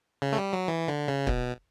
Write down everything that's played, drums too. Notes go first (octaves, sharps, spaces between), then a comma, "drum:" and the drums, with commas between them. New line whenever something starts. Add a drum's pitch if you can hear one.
C#3
A3
G3
F#3
E3
D3
C#3
B2, drum: kick